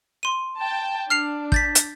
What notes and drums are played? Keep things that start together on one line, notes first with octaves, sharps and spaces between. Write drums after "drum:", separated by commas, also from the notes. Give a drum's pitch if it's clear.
C6 D#7
G5 A5
D4 F6 C7 F7
G6 A6 B6, drum: kick
drum: hi-hat